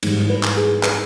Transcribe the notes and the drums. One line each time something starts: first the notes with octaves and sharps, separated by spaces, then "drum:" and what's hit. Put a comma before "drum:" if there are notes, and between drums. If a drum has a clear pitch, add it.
G#2 E3 G3, drum: cymbal
B4
drum: clap
G#4
B4, drum: clap